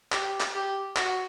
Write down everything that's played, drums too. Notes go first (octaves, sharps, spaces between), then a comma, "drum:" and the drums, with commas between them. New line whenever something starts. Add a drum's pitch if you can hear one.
G4, drum: clap
drum: clap
G4
F#4, drum: clap